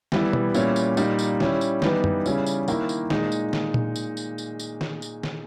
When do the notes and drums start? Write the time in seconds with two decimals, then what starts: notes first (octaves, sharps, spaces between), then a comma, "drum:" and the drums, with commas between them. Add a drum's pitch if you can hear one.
0.12 E3 G3 B3 E4, drum: snare D#3
0.33 drum: tom B2
0.54 A#2 G3 C#4 E4, drum: tambourine
0.76 drum: tambourine
0.97 A#2 G3 A#3 D#4, drum: tambourine
1.19 drum: tambourine
1.40 G3 C#4 E4, drum: snare D#3
1.61 drum: tambourine
1.82 E3 G3 B3 D#4, drum: snare D#3
2.04 drum: tom
2.26 C#3 G3 C#4 E4, drum: tambourine
2.46 drum: tambourine
2.68 D#3 A#3 E4, drum: tambourine
2.89 drum: tambourine
3.10 A#2 G#3 D#4, drum: snare D#3
3.32 drum: tambourine
3.53 drum: snare D#3
3.74 drum: tom A#2
3.96 drum: tambourine
4.17 drum: tambourine
4.38 drum: tambourine
4.60 drum: tambourine
4.81 drum: snare D#3
5.02 drum: tambourine
5.23 drum: snare D#3